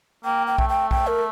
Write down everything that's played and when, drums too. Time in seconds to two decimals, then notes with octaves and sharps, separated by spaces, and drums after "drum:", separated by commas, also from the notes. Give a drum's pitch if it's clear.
0.25 A#3 G5
0.47 G5
0.58 A3, drum: kick B1
0.69 G5
0.91 G5, drum: kick B1
1.07 A#4